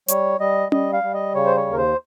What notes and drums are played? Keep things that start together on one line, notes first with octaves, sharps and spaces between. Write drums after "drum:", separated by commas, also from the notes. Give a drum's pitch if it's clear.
G3 C#5, drum: hi-hat
G3 D#5
G3 D#5, drum: tom C#4
F5
G3
D#5
C#3 C#5
C5
C#5
D#2
A#4
C5